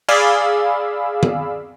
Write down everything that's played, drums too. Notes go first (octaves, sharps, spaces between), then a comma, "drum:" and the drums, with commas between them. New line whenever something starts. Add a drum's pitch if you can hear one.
G#4 D5 F5 B5 E6, drum: cymbal
drum: tom D#3